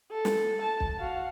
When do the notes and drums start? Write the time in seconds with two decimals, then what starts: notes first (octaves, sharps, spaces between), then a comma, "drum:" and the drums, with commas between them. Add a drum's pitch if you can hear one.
0.11 A4
0.25 drum: snare
0.62 A5
0.80 drum: kick
1.00 F#4 F5